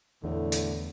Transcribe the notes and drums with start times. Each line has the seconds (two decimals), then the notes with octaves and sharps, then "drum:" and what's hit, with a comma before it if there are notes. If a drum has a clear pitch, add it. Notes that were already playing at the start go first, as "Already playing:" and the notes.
0.24 E2 A2 D3
0.52 drum: hi-hat